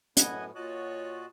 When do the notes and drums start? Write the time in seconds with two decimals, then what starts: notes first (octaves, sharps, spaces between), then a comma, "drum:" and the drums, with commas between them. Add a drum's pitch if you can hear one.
0.17 F#2 A2 B3 D#5 F#5 G#5, drum: hi-hat
0.55 A#2 F4 F#4 C#5 D#5 A5 F#6